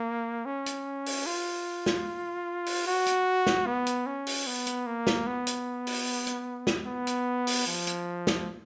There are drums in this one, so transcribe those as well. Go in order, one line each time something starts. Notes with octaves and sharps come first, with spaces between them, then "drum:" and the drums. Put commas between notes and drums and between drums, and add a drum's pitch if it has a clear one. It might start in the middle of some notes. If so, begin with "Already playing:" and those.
Already playing: A#3
C#4
drum: hi-hat
drum: open hi-hat
F4
drum: snare
drum: open hi-hat
F#4
drum: hi-hat
drum: snare
B3
drum: hi-hat
C#4
drum: open hi-hat
B3
drum: hi-hat
A#3
drum: snare
B3
drum: hi-hat
drum: open hi-hat
drum: hi-hat
drum: snare
B3
drum: hi-hat
drum: open hi-hat
F3
drum: hi-hat
drum: snare